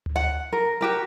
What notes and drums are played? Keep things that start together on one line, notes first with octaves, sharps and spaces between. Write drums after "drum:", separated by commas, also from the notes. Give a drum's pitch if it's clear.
drum: tom D2
F#5
A#4
F#4 G4 A#4